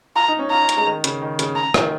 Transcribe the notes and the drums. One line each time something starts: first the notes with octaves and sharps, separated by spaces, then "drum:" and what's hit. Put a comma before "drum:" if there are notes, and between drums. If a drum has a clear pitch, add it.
F4 A#5
D#4
C#4
F4 A#5
D#4
C#4, drum: hi-hat
G#3
D#3
C#3, drum: hi-hat
D#3
C#3, drum: hi-hat
A#5
D#3, drum: rim click